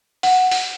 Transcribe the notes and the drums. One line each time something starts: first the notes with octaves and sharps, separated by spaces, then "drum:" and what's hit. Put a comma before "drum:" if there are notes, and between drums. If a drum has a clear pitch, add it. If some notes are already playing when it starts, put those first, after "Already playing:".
F#5, drum: open hi-hat
drum: open hi-hat